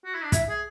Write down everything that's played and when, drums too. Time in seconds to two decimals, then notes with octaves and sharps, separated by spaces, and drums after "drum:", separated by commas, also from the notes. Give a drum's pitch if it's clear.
0.05 F#4
0.14 E4
0.24 D4
0.32 E4 E5, drum: kick, hi-hat
0.49 G#4